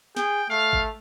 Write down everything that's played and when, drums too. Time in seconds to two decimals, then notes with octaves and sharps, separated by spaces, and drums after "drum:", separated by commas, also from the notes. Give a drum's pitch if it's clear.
0.16 G#4 G5, drum: snare
0.50 A3 F5
0.73 drum: kick G#1